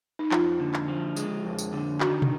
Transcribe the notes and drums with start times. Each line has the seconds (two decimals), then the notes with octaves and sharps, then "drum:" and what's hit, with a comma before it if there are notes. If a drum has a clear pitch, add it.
0.19 D#4
0.31 F2 F4, drum: clap
0.60 D3
0.74 drum: clap
0.88 F3
1.16 G#3, drum: tambourine
1.45 F2
1.59 drum: tambourine
1.73 D3
2.00 D#3 F#4, drum: clap
2.22 drum: tom